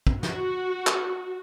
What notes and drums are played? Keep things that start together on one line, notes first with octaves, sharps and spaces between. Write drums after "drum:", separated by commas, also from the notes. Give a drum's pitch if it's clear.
drum: kick
F#4, drum: snare
drum: clap